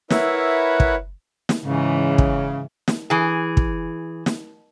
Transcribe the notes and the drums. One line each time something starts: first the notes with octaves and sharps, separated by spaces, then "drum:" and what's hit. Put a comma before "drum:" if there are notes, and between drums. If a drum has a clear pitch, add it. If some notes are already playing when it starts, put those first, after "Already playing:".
E4 A#4 B4 C#5 E5 F#5, drum: snare
drum: kick
drum: snare
G#2 C#3 E3
drum: kick
drum: snare
E3 G#4
drum: kick
drum: snare